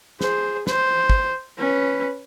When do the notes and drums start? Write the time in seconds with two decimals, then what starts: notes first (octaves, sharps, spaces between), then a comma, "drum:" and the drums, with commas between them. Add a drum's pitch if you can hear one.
0.21 G#4 C5, drum: snare
0.67 C5, drum: snare
1.10 drum: kick
1.58 C#4 B4